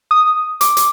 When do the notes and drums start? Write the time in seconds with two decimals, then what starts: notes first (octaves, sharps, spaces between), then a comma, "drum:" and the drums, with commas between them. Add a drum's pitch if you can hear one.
0.11 D#6
0.61 D6, drum: hi-hat
0.77 drum: hi-hat